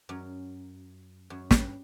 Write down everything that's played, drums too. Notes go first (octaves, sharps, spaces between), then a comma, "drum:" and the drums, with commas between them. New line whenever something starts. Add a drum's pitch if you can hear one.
F#2
F#2
G2, drum: snare